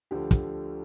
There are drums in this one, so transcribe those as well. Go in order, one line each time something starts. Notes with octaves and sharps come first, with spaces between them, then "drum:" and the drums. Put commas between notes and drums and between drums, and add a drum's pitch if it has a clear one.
D2 D3 F3 G4
drum: kick, hi-hat